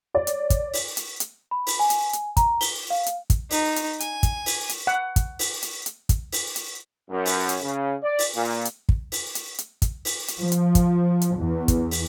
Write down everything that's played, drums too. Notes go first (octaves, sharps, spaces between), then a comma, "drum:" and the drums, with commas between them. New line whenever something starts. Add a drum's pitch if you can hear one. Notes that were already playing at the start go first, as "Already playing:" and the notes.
C#5 D5
drum: hi-hat
drum: kick, hi-hat
drum: open hi-hat
drum: hi-hat
drum: hi-hat
B5
drum: open hi-hat
G#5
drum: hi-hat
drum: hi-hat
A#5, drum: kick, hi-hat
G7, drum: open hi-hat
F5
drum: hi-hat
drum: kick, hi-hat
D#4, drum: open hi-hat
drum: hi-hat
G#5, drum: hi-hat
drum: kick, hi-hat
drum: open hi-hat
drum: hi-hat
F#5
drum: kick, hi-hat
drum: open hi-hat
drum: hi-hat
drum: hi-hat
drum: kick, hi-hat
drum: open hi-hat
drum: hi-hat
F#2
drum: open hi-hat
drum: hi-hat
C#3
D5
drum: open hi-hat
A#2
drum: hi-hat
drum: kick
drum: open hi-hat
drum: hi-hat
drum: hi-hat
drum: kick, hi-hat
drum: open hi-hat
drum: hi-hat
F3
drum: hi-hat
drum: kick, hi-hat
drum: hi-hat
E2
drum: kick, hi-hat
drum: open hi-hat